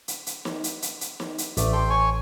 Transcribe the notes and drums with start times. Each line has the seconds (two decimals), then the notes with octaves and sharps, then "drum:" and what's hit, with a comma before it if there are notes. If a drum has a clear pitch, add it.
0.08 drum: hi-hat
0.27 drum: hi-hat
0.45 drum: snare
0.64 drum: hi-hat
0.82 drum: hi-hat
1.01 drum: hi-hat
1.20 drum: snare
1.38 drum: hi-hat
1.57 A1 A3 D5, drum: hi-hat
1.73 A4 G5 C6
1.90 C#5 G#5 C#6